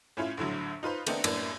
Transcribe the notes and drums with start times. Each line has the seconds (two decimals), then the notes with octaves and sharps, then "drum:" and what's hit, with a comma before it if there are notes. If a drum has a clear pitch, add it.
0.17 A2 C#4 E4 F4
0.37 A#1 A2 D3 F#3
0.83 D#4 F4 B4 C5
1.07 D#3 A3 B3 C4 D4 D#4, drum: cymbal
1.24 F#2 A2 A#3 B3 D4, drum: cymbal